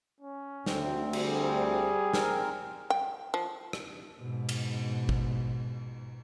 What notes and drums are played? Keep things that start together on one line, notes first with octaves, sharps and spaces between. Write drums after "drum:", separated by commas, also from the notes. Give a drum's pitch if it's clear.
C#4
D2 C4, drum: snare
G3 G#4, drum: cymbal
C4 A#4, drum: snare
G5
F3
drum: rim click
G#2 B2
drum: cymbal
drum: kick